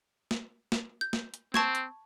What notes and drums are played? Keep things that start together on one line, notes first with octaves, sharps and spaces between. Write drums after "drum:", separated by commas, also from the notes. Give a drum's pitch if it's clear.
drum: snare
drum: snare
G6
drum: snare
drum: hi-hat
C4 A5 C#6 G#6, drum: snare
drum: hi-hat